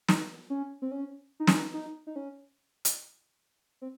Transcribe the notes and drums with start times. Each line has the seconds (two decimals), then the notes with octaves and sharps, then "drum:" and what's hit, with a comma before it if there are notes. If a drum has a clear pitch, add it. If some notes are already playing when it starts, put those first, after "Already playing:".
0.08 D#4, drum: snare
0.50 C#4
0.82 C4
0.92 C#4
1.40 D#4
1.47 C#4, drum: snare
1.55 D#4
1.74 D#4
2.07 D#4
2.16 C#4
2.85 drum: hi-hat
3.82 C4